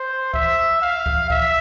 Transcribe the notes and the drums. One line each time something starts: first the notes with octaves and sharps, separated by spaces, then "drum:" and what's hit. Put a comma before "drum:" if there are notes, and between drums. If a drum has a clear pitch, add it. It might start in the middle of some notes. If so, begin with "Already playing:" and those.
Already playing: C5
E5, drum: kick C#2
F5
drum: kick C#2
E5, drum: kick C#2